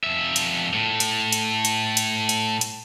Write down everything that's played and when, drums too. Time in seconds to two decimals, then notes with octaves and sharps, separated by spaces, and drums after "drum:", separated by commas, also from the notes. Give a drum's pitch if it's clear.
0.04 F2 E5
0.36 drum: hi-hat
0.73 A2
1.00 drum: hi-hat
1.32 drum: hi-hat
1.65 drum: hi-hat
1.97 drum: hi-hat
2.29 drum: hi-hat
2.61 drum: hi-hat